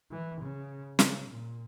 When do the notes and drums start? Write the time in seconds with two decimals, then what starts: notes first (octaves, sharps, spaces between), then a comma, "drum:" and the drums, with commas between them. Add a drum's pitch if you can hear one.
0.11 E3
0.41 C#3
0.99 C#3, drum: snare
1.28 A#2